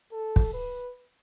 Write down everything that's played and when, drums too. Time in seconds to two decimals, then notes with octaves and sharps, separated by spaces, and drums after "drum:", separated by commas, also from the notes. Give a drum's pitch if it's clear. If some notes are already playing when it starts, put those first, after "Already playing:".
0.12 A4
0.36 drum: kick
0.53 B4